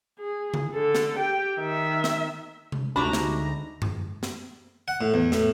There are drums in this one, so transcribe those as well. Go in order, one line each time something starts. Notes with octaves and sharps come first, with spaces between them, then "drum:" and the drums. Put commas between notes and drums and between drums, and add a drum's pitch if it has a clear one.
G#4
drum: tom C#3
D3 A4
drum: snare
G4 G5
D#3 E5
drum: snare
drum: tom C3
D2 G#3 D4 D#4 F#4 G4 A#5 B5
drum: snare
drum: tom F#2
drum: snare
F#5
A2
E2
A2, drum: snare